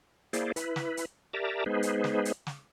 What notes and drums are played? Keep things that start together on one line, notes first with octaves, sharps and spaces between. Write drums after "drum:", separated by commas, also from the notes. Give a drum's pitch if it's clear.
A#3 E4 G#4 C5 D5, drum: hi-hat
E4 B4, drum: hi-hat
drum: snare
drum: hi-hat
G4 A#4 D5 E5 A5 A#5
G#3 B3 D#4 G#4 B4 C5
drum: hi-hat
drum: snare
drum: hi-hat
drum: snare